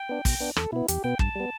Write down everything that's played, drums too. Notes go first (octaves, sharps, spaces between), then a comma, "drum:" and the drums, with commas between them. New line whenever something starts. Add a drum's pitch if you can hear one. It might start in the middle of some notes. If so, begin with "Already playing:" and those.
Already playing: G5
B3 D4
B2, drum: kick, open hi-hat
B3 D4
E2 A4, drum: rim click
B2 B3 E4
E2 G4, drum: hi-hat
B2 B3 G5
G2 A5, drum: kick
G3 B3